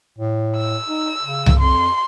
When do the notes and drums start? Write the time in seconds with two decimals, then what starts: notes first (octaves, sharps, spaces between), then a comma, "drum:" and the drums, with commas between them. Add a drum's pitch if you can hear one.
0.19 A2
0.56 E6
0.88 D#4
1.21 C#3
1.46 drum: tom C2
1.60 F2 C6